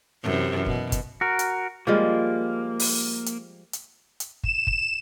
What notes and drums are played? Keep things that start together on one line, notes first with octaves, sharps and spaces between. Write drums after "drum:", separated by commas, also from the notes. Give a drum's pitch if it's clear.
F#2 C3 E3
B2, drum: kick
drum: kick, hi-hat
F#4 A#4
drum: hi-hat
F3 G3 G#3 A#3
drum: open hi-hat
drum: hi-hat
drum: hi-hat
drum: hi-hat
E7, drum: kick
drum: kick